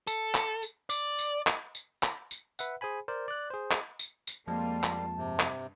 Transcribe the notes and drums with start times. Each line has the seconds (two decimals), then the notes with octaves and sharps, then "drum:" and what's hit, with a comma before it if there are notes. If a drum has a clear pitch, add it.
0.07 A4, drum: tambourine
0.35 drum: clap
0.63 drum: tambourine
0.90 D5, drum: tambourine
1.19 drum: tambourine
1.47 drum: clap
1.75 drum: tambourine
2.03 drum: clap
2.31 drum: tambourine
2.59 B4 E5 F#5, drum: tambourine
2.81 G#4 C5 G#5 B5
3.08 A#4 C5 D5
3.28 D5 F#6
3.50 G#4 C5
3.71 drum: clap
3.99 drum: tambourine
4.27 drum: tambourine
4.48 F2 F3 G3 G#3 A#3 F4 A5
4.83 drum: clap
5.17 G2 C3
5.40 drum: clap